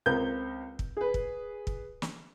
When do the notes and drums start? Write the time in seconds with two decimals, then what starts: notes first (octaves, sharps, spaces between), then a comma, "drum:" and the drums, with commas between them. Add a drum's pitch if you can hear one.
0.06 C#2 C4 A#4 G6
0.79 drum: kick
0.97 G#4 B4
1.14 drum: kick
1.67 drum: kick
2.02 drum: snare